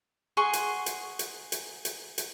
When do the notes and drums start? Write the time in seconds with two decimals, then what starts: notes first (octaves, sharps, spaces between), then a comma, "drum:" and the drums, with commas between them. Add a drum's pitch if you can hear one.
0.37 G#4 F#5 C6 C#6
0.53 drum: hi-hat
0.86 drum: hi-hat
1.19 drum: hi-hat
1.52 drum: hi-hat
1.85 drum: hi-hat
2.18 drum: hi-hat